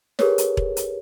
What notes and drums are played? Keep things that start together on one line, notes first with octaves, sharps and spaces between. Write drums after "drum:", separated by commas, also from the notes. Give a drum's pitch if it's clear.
G4 G#4 A#4 B4 C#5, drum: snare
drum: hi-hat
drum: kick E1
drum: hi-hat